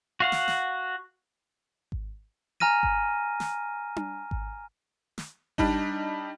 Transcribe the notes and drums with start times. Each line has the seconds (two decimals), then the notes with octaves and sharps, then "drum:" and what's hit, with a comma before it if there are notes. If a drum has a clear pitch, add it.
0.20 F#4 F5 F#5
0.32 drum: snare
0.48 drum: snare
1.92 drum: kick G#1
2.60 G#5 A#5 F6 A#6 D#7
2.83 drum: kick G#1
3.40 drum: snare
3.96 drum: tom D4
4.31 drum: kick G#1
5.18 drum: snare
5.58 G3 D4 D#4, drum: kick G#1